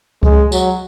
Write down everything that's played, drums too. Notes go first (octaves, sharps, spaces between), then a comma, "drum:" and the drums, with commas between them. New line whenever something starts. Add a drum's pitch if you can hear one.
G#3, drum: kick C#2
F#3, drum: tambourine